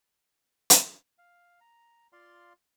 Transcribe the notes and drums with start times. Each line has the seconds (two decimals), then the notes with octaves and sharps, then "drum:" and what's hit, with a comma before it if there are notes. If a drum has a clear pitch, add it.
0.70 drum: hi-hat
1.19 F5
1.61 A#5
2.13 F4 D5 F5 C6